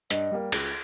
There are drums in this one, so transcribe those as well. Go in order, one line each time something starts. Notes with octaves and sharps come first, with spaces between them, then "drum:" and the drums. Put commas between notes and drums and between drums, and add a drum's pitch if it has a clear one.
G2 D#5, drum: hi-hat
G3 A#3
C#2, drum: cymbal